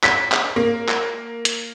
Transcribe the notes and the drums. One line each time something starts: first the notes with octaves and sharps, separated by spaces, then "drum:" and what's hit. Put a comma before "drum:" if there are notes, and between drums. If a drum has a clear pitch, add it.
B6, drum: clap
drum: clap
A#3
drum: clap
drum: hi-hat